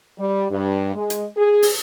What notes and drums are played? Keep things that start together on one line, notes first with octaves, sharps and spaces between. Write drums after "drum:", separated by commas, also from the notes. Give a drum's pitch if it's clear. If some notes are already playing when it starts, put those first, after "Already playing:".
G3
G2
G#3
drum: hi-hat
G#4
drum: open hi-hat